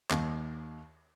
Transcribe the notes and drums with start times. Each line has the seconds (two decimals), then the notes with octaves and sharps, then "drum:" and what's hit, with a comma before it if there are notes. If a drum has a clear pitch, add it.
0.10 D#2, drum: clap